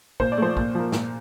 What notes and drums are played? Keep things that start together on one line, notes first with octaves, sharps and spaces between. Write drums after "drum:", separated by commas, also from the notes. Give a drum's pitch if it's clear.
A#2 C5, drum: kick
D5
F3 A3 C5
A#2, drum: kick
F3 A#3
A#2, drum: snare